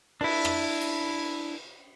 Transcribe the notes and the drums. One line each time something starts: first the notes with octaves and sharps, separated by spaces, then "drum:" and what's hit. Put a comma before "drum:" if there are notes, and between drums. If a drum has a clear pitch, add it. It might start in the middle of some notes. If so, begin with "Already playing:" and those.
D4 E4, drum: cymbal
drum: rim click
drum: cymbal